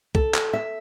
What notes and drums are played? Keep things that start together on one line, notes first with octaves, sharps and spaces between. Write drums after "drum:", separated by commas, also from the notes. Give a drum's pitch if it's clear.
A4, drum: kick C2
drum: clap
E5